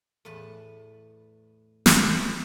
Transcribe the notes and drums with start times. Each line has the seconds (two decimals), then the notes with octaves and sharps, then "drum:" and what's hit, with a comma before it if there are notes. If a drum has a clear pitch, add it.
0.25 E2 A2 B4 A5
1.86 drum: snare